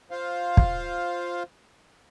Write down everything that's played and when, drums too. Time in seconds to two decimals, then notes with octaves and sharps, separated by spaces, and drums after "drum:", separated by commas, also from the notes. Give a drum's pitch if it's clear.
0.11 F4 C5 F5
0.57 drum: kick